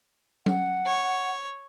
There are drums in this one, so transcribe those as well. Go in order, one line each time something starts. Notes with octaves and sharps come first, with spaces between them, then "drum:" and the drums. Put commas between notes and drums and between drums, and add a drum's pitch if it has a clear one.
F#5, drum: tom F#3
C#5